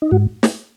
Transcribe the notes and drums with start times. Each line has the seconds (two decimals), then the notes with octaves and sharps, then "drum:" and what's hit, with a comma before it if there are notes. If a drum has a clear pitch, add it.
0.02 D#4
0.11 G#2 F#4
0.43 drum: snare